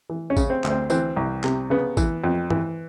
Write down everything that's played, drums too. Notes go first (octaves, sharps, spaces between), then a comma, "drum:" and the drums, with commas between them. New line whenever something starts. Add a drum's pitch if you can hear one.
E3
C#4
C#3, drum: kick A1, tambourine
C4
D2, drum: clap
C4
E3 C4, drum: tambourine
C2
C3, drum: clap
C#3 B3
E3, drum: kick A1, tambourine
F2
E3, drum: tom G2